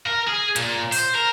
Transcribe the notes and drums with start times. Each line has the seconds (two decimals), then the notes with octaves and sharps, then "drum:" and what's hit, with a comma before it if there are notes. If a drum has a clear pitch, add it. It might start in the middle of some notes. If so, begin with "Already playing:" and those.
0.06 A#4
0.27 G#4
0.56 A#2, drum: hi-hat
0.92 C5, drum: open hi-hat
1.15 A#4